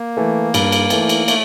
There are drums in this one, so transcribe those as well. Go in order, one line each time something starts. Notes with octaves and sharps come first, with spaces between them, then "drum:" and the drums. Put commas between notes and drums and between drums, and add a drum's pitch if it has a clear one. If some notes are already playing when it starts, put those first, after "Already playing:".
Already playing: A#3
E3 A3
G2, drum: cymbal
drum: cymbal
E3 A3, drum: cymbal
drum: cymbal
A3, drum: cymbal